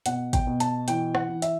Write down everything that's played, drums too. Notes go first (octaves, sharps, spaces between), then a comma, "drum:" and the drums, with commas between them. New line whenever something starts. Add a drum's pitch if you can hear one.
B2 F#5, drum: hi-hat
G5, drum: kick, hi-hat
B2
A5, drum: hi-hat
E3 G5, drum: hi-hat
F#5, drum: rim click
E3
E5, drum: hi-hat